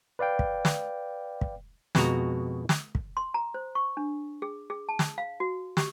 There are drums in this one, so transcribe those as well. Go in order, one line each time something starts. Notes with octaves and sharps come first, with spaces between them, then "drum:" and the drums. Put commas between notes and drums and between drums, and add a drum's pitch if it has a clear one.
B4 D5 F5 G5
drum: kick
drum: snare
drum: kick
F2 B2 G#3 F#4 A#5, drum: snare
drum: snare
drum: kick
C6
A#5
C5
C#6
D4
G#4
G#4
A5
drum: snare
F5
F#4
G4, drum: snare